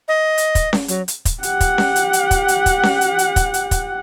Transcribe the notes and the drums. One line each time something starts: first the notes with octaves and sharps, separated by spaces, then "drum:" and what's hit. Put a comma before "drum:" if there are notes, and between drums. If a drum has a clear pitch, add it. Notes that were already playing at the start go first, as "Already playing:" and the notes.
D#5
drum: hi-hat
drum: kick, hi-hat
drum: snare C#4
F#3, drum: hi-hat
drum: hi-hat
drum: kick, hi-hat
G4 F#5, drum: hi-hat
drum: kick, hi-hat
drum: snare C#4
drum: hi-hat
drum: hi-hat
drum: kick, hi-hat
drum: hi-hat
drum: kick, hi-hat
drum: snare C#4
drum: hi-hat
drum: hi-hat
drum: kick, hi-hat
drum: hi-hat
drum: kick, hi-hat